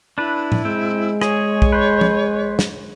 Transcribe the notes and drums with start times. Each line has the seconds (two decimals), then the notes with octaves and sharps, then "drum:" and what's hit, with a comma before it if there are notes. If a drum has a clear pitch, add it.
0.18 D4 E4 B4
0.52 drum: tom A2
0.65 G#3 C4
1.21 G#4 C#5, drum: rim click
1.62 drum: kick B1
1.73 B4 C5
2.01 drum: tom F3
2.59 drum: snare